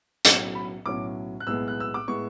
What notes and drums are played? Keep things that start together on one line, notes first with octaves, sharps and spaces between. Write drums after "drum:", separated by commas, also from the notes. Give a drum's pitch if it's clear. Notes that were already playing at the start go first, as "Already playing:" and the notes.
B1 A2 F#3 C#4 D6, drum: hi-hat
B5
B1 A2 F#3 C#4 D6
F#6
B1 A2 G#3 B3 E6
F#6
E6
D6
A2 G#3 B3 C#6